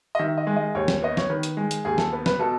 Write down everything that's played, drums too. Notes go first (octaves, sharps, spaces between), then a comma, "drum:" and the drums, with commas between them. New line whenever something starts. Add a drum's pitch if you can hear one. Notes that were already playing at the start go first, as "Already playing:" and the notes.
D#5
D#3 E5
D#5
G#3
D#5
D#2 C#5
drum: snare
B3 D#5
C#5, drum: snare
D#3 B4
drum: hi-hat
G#3
drum: hi-hat
D#2 G#4
A4, drum: snare
B3 B4
B4, drum: snare
B2 A4